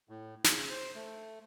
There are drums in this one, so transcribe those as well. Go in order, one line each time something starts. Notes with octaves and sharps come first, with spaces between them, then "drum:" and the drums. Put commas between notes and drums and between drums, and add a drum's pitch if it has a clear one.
A2
C#3, drum: snare
C5
A3